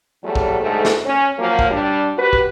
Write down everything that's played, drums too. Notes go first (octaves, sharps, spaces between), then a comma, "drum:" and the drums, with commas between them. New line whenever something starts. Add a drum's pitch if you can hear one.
E2 F#3 G3 A3
drum: kick
D2 G#2 A3
drum: snare
C#4
F3 F#3 A#3
drum: kick
G3 D4
F#4 G4 B4
drum: kick